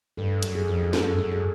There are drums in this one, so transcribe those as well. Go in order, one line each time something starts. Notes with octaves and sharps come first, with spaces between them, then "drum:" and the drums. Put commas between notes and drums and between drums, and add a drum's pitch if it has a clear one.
G2 A4
F#2, drum: hi-hat
G#4
F2
G#4
F#2 A4, drum: snare
F#2
G#4